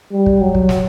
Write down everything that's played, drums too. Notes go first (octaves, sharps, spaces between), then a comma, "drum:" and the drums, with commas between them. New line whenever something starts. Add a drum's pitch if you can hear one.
G3
drum: kick
F#3
drum: kick
drum: snare